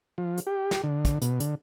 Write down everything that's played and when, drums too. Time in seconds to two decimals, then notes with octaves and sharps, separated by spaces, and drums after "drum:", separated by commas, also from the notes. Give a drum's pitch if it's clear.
0.18 F3
0.38 drum: hi-hat
0.47 G4
0.71 drum: snare
0.84 D3
1.05 drum: kick, hi-hat
1.22 B2, drum: hi-hat
1.40 D3, drum: hi-hat